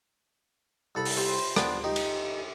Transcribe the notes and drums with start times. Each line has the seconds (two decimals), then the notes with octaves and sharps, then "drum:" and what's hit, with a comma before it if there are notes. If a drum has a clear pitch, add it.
0.95 C2 A4 B5
1.05 drum: open hi-hat
1.16 G3 F4 C5
1.56 B3 D4 G5, drum: rim click
1.84 D#4 G4
1.96 drum: cymbal